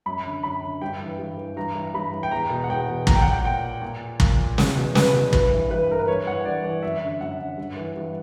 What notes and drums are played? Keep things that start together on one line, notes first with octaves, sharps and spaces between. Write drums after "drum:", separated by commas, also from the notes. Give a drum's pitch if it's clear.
F#2 B5
D3
F#2 B5
D3
G2 G5
E3
G2
E3
G2 A#5
E3
G2 B5
E3
G5
E2 A#5
B2
F#5
E2 G5
B2
A#2 A#5, drum: kick
G5
F#5
G5
A#2 G5
A#2
A#2, drum: kick
E2, drum: snare
B2
E2 B4, drum: snare
B2
G2 B4, drum: kick
E3
G2 B4
E3 A#4
B4
G2 C#5
E3 F#5
G2 D5
E3
F#2 E5
D3
F#2 F#5
D3
G2
E3
G2